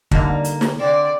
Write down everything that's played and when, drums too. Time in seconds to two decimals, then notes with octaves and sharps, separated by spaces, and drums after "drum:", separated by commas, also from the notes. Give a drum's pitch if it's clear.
0.11 D3 G3 A#3 D#4, drum: kick
0.44 drum: hi-hat
0.61 drum: snare
0.80 D3 C4 D5